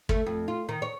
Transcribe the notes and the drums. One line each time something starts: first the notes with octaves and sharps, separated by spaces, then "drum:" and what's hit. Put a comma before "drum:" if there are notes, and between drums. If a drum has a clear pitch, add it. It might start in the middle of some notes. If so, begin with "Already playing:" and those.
A3, drum: kick
F2
F4
D#3
C#5